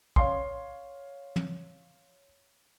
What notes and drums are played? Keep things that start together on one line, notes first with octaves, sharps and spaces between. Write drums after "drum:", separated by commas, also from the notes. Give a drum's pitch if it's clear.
C#5 F5 C6, drum: kick
drum: tom